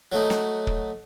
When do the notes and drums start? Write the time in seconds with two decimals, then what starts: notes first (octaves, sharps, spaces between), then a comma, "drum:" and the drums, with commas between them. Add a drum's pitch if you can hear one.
0.12 F#3 A3 D#4
0.30 drum: snare
0.67 drum: kick